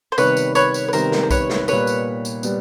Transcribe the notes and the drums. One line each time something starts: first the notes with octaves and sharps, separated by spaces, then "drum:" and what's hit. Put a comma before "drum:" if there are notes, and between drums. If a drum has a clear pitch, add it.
C5
C3 D#3 G3 B3 B4 C#5, drum: tambourine
drum: tambourine
B4 C#5, drum: tambourine
drum: tambourine
B4
C3 D#3 G3 B3 A#4 C5, drum: tambourine
drum: snare
C5
B4 C#5, drum: kick B1, tambourine
drum: snare
A#2 G3 B3 B4 C#5, drum: tambourine
drum: tambourine
drum: tambourine
G3 B3, drum: tambourine